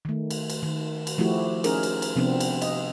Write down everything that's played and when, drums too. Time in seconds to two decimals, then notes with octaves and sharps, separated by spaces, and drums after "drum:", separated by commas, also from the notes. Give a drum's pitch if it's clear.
0.05 D#3 A3
0.30 drum: cymbal
0.50 drum: cymbal
0.63 D#3
1.07 drum: cymbal
1.18 F3 A3 E4 F#4 G4
1.64 C#4 D#4 G#4 A#4, drum: cymbal
1.83 drum: cymbal
2.02 drum: cymbal
2.16 C3 F3 B3 C4 D4
2.40 drum: cymbal
2.62 D#5, drum: cymbal